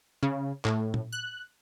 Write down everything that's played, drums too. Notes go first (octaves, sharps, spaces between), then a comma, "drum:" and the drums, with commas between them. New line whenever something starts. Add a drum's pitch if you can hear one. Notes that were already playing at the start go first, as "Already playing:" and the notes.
C#3
A2, drum: clap
drum: tom A#2
F#6